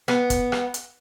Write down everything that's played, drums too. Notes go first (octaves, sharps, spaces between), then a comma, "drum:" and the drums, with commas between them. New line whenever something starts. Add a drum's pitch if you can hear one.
B3, drum: rim click
drum: kick, hi-hat
drum: rim click
drum: hi-hat